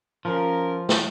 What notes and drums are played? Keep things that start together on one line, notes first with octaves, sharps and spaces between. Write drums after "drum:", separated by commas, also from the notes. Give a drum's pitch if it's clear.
F3 C#4 A#4
drum: snare